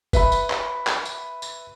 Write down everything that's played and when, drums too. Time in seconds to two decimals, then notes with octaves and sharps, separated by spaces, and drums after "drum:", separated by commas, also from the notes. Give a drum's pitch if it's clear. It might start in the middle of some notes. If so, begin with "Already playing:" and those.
0.13 B4 E5 B5, drum: kick F#1, tambourine
0.32 drum: tambourine
0.50 drum: clap
0.87 drum: clap
1.05 drum: tambourine
1.42 drum: tambourine